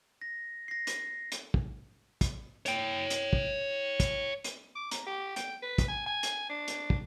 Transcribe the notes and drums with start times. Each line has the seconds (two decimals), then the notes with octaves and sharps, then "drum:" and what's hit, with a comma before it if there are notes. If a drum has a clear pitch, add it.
0.22 A#6
0.68 A#6 C7
0.87 drum: hi-hat
1.32 drum: hi-hat
1.54 drum: kick
2.21 drum: kick, hi-hat
2.66 C#5 G5, drum: hi-hat
3.10 drum: hi-hat
3.33 drum: kick
4.00 drum: kick, hi-hat
4.44 drum: hi-hat
4.75 D6
4.91 A#5, drum: hi-hat
5.07 G4
5.36 G5, drum: hi-hat
5.63 B4
5.78 drum: kick, hi-hat
5.88 G#5
6.06 G#5
6.23 drum: hi-hat
6.50 D4
6.68 drum: hi-hat
6.90 drum: kick